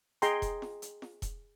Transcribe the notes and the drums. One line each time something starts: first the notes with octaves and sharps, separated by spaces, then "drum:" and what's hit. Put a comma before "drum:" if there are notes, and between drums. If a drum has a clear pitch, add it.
G#4 D#5 G5 A#5 C6, drum: hi-hat
drum: kick E1, hi-hat
drum: snare F4
drum: hi-hat
drum: snare F4
drum: kick E1, hi-hat